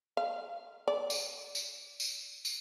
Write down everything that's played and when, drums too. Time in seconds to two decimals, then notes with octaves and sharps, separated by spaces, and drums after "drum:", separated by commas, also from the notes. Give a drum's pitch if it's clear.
0.17 F5
0.88 D5
1.10 drum: tambourine
1.55 drum: tambourine
2.00 drum: tambourine
2.45 drum: tambourine